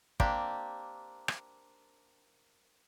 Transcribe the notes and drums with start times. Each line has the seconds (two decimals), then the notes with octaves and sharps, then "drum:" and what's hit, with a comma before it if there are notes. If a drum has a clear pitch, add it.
0.20 A#3 C4 D4 G4, drum: kick
1.28 drum: rim click